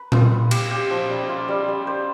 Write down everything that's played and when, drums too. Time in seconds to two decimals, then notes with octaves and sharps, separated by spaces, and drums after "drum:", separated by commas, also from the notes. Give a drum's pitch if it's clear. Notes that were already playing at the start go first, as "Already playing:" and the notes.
Already playing: B4
0.12 F4, drum: tom A#2
0.31 B4
0.51 G4, drum: cymbal
0.71 G4
0.90 F3
1.09 G3
1.29 F4
1.48 G3
1.68 G3
1.87 C5